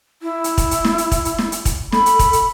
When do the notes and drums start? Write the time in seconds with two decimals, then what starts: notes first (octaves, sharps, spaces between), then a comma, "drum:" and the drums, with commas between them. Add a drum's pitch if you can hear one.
0.22 E4
0.44 drum: hi-hat
0.58 drum: kick, hi-hat
0.71 drum: hi-hat
0.85 drum: snare
0.98 drum: hi-hat
1.12 drum: kick, hi-hat
1.25 drum: hi-hat
1.38 drum: snare
1.52 drum: hi-hat
1.65 drum: kick, hi-hat
1.92 A4 B5, drum: snare
2.06 drum: hi-hat
2.19 drum: kick, hi-hat
2.33 drum: hi-hat